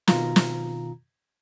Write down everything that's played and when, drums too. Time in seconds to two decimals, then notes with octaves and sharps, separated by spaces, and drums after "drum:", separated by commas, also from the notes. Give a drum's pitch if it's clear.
0.08 B2 D#3 F4 A#5, drum: snare
0.36 drum: snare